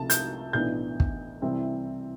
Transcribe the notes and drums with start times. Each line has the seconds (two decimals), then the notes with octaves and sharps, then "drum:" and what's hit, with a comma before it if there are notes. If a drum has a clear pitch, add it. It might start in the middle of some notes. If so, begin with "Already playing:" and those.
Already playing: C2 C3 F3 A3 A5
0.10 G6, drum: hi-hat
0.53 B1 A2 E3 B3 D4 G6
1.00 drum: kick
1.42 C2 C3 E3 G3 C4